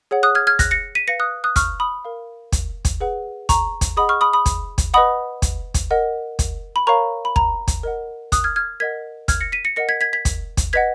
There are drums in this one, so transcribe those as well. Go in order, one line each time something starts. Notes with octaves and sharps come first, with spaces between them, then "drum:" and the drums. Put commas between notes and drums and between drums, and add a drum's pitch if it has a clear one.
G#4 C#5 F#5
D#6 F#6
F6 G#6
F6 G#6
F#6 A#6, drum: kick, hi-hat
A#6 C#7
B6 D#7
B4 F5 A#6 C#7
D#6 F#6
D#6 F#6
C#6 F6, drum: kick, hi-hat
B5 D#6
A#4 F5
drum: kick, hi-hat
drum: kick, hi-hat
G#4 B4 F#5
A#5 C#6, drum: kick, hi-hat
drum: kick, hi-hat
G#4 D#5 F#5 B5 D#6
C#6 F6
B5 D#6
B5 D#6
drum: kick, hi-hat
drum: kick, hi-hat
B4 D#5 F#5 B5 D#6
drum: kick, hi-hat
drum: kick, hi-hat
A#4 D#5 F#5
drum: kick, hi-hat
B5
A#4 C#5 F5 A#5 C#6
B5
A#5, drum: kick
drum: kick, hi-hat
A#4 D#5 F#5
D#6 F#6, drum: kick, hi-hat
F6 G#6
F6 G#6
A#4 D#5 F#5 G#6 B6
F6 G#6, drum: kick, hi-hat
A#6 C#7
B6 D#7
A#6 C#7
A#4 D#5 F#5 A#6 C#7
G#6 B6
G#6 B6
G#6 B6
drum: kick, hi-hat
drum: kick, hi-hat
B4 D#5 F#5 G#6 B6